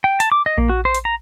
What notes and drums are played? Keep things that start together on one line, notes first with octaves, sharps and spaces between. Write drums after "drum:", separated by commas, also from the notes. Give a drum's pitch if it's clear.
G5
A5, drum: hi-hat
D6
D#5
A#3, drum: kick A#1
F#4
C5
drum: hi-hat
A#5